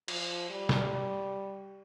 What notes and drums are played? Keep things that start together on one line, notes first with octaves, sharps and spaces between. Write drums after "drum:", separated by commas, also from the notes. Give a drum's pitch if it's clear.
F3, drum: cymbal
G3
drum: snare